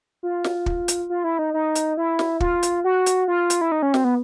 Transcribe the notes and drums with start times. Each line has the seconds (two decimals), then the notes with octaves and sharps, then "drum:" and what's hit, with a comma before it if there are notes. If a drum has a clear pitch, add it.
0.23 F4
0.44 drum: snare
0.66 drum: kick
0.88 drum: hi-hat
1.10 F4
1.24 E4
1.39 D#4
1.54 D#4
1.75 drum: hi-hat
1.97 E4
2.19 drum: snare
2.40 F4, drum: kick
2.63 drum: hi-hat
2.84 F#4
3.06 drum: hi-hat
3.28 F4
3.50 drum: hi-hat
3.61 E4
3.72 D#4
3.83 C#4
3.94 C4, drum: snare
4.05 B3